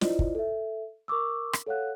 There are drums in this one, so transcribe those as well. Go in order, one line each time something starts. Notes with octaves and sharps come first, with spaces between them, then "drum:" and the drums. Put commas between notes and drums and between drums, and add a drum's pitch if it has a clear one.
E4 F4 C5 D5 D#5, drum: snare
drum: kick
A4 E5
A#4 C#6 D6 E6
drum: rim click
A4 C#5 F5 F#5 F#6